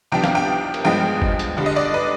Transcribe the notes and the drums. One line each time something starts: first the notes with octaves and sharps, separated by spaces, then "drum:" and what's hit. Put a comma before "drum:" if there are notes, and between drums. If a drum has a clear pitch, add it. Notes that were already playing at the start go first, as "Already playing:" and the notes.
C2 C3 F3 B3 D4 G5
F5, drum: snare
G5
drum: cymbal
G2 F3 G#3 B3 G5
drum: kick G1
drum: hi-hat
G2 D3 G3
D#5
D5
B4